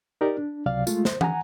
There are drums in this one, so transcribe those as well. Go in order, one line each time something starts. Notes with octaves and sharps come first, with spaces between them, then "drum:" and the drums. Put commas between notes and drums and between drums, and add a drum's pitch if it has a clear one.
D#4 G4 A#4 D5
D4
C#2 C3 F#3 D5 F5
G#3 A3 F4, drum: tambourine
C5, drum: snare
F#5 G#5 A#5, drum: tom